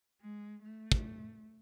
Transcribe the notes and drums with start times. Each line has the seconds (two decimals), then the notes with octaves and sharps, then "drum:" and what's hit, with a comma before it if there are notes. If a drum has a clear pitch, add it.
0.21 G#3
0.63 A3
0.92 drum: kick